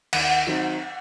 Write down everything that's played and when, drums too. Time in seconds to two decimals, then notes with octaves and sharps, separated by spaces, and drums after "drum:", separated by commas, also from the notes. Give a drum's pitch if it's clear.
0.13 D#2 F#5, drum: cymbal
0.47 D#3 F#3 C4 D#4